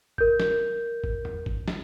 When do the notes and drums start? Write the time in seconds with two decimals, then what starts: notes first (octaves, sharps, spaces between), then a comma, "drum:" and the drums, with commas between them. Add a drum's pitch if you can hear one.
0.18 A#4 G6, drum: kick G1
0.40 drum: snare
1.04 drum: kick G1
1.25 drum: tom E2
1.46 drum: kick G1
1.68 drum: snare